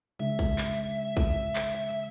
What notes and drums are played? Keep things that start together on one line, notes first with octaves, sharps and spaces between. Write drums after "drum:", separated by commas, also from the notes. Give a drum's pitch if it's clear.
C#3 G#3 D4 E5
drum: kick
drum: clap
drum: kick
drum: clap
E5
E5